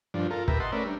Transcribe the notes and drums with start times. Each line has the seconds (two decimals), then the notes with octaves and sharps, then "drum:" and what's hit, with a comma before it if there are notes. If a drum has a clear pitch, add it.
0.14 G2 F3 D4
0.31 F4 A4 A#4
0.48 G4 A#4 B4 E5, drum: kick
0.60 D#5 F#5 A5 C6
0.72 A3 C#4 A#4 B4 D5 E5
0.85 G3 D4